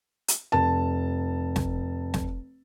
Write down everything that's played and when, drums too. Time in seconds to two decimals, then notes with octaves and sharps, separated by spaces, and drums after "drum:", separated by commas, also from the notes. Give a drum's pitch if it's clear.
0.28 drum: hi-hat
0.52 F1 A5
1.56 drum: snare
2.14 drum: snare